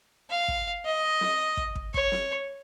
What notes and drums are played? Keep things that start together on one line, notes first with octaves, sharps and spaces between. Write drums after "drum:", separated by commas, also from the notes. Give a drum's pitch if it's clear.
F5
drum: kick
D#5
drum: snare
drum: kick
drum: kick
C#5, drum: kick
drum: snare